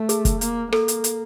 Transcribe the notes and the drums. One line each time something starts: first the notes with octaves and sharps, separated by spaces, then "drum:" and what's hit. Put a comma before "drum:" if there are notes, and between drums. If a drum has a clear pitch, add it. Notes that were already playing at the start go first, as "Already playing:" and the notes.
Already playing: A3
G#4, drum: hi-hat
drum: kick, hi-hat
A#3, drum: hi-hat
A#3 A4, drum: rim click
drum: hi-hat
drum: hi-hat